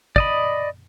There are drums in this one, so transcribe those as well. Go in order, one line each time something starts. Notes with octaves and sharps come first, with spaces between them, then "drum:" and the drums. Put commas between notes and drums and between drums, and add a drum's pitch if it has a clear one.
D5 D#5 B5, drum: kick